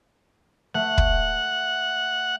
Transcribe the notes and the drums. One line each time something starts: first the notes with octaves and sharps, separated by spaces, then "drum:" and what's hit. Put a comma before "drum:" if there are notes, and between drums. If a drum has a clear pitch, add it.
A3 F#5
drum: kick